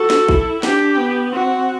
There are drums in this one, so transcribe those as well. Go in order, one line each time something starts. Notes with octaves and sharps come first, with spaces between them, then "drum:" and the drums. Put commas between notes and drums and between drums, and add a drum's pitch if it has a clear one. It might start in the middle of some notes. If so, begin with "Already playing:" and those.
Already playing: F#4 A4
drum: snare
E4, drum: kick
D4 G4, drum: snare
B3
C4 F#4